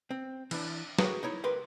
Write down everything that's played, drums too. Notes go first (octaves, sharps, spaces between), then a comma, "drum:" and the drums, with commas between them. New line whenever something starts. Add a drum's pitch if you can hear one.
C4
E3 D4, drum: cymbal
F#4 G#4 A#4 B4 C#5 G5, drum: snare
D#4 E4 C#5
C#2 G4 A#4 B4 C6